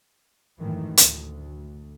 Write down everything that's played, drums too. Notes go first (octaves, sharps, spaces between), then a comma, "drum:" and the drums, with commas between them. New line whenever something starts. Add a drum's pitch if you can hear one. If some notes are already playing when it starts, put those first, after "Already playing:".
G#1 F#2 A2 D#3 E3
D2, drum: hi-hat